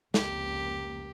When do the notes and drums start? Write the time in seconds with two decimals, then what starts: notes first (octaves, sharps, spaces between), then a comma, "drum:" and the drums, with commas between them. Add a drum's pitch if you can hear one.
0.14 F1 C#2 A#3 G4, drum: snare